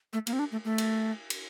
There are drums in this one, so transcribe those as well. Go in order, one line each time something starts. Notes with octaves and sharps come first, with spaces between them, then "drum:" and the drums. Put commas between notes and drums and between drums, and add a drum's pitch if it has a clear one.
A3
A#3, drum: cymbal
C4
D4
A3
A3
drum: cymbal
drum: cymbal